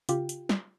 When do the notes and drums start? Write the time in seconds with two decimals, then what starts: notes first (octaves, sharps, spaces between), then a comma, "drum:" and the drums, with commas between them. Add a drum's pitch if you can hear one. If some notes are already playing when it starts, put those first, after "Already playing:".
0.09 C#3 F4 G4, drum: hi-hat
0.29 drum: hi-hat
0.49 drum: snare